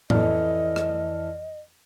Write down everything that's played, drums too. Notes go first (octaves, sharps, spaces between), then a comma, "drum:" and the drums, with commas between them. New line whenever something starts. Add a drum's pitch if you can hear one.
F2 E3 A4 D5 D#5 F6, drum: tom A2
drum: rim click